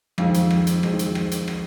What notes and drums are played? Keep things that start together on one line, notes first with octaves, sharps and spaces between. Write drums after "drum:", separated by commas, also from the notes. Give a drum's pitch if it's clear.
F2 D#3 G#3 C4 F5, drum: rim click
drum: hi-hat
drum: rim click
drum: hi-hat
F2 D#3 G#3 C4, drum: rim click
drum: hi-hat
drum: rim click
drum: hi-hat
drum: rim click